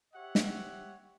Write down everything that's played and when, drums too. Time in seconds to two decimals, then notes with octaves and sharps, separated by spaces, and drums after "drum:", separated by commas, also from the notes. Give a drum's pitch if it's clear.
0.13 G4 C#5 E5 F#5
0.35 drum: snare